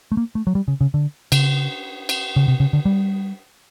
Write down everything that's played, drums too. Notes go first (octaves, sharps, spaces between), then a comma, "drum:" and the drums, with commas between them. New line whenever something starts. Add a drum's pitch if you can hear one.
A3
A#3
A3
F#3
G3
C#3
C#3
D3
C#3, drum: cymbal
drum: cymbal
C#3
C3
C#3
D3
G3